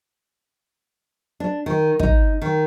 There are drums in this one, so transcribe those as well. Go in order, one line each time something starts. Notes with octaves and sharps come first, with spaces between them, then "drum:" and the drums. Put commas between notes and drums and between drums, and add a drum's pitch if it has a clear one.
D4
D#3
D#4, drum: kick
D#3